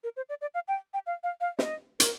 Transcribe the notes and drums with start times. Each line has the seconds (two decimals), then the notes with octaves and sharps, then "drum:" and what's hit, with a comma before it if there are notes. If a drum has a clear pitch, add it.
0.04 A#4
0.17 C5
0.29 D5
0.41 D5
0.54 F5
0.68 G5
0.94 G5
1.06 F5
1.23 F5
1.41 F5
1.59 D#5, drum: snare
2.00 A#4, drum: hi-hat